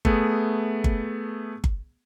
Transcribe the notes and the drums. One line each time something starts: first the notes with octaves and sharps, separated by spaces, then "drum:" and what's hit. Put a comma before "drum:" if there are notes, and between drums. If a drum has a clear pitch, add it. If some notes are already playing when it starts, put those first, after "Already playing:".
A3 B3 G#4, drum: kick G1
drum: kick G1
drum: kick G1